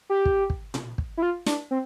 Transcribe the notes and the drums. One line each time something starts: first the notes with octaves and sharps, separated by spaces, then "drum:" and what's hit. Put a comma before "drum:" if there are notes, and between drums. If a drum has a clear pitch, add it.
G4
drum: kick
drum: kick
drum: tom A#2
drum: kick
E4
F4
D4, drum: snare
C4